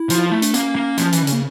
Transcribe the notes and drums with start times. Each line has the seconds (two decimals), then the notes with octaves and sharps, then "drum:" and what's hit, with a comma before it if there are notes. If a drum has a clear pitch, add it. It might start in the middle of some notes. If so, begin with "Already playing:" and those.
Already playing: E4
0.10 F3, drum: hi-hat
0.18 F4
0.30 A3 E4
0.42 D4, drum: hi-hat
0.54 A#3 C#4, drum: hi-hat
0.75 A#3
0.97 F3, drum: hi-hat
1.12 E3, drum: hi-hat
1.23 D3
1.27 C#3, drum: hi-hat
1.33 A#3